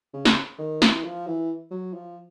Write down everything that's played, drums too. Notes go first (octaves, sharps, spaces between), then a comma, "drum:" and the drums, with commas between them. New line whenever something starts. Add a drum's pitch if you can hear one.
C#3
drum: snare
D#3
E3, drum: snare
F3
E3
F#3
F3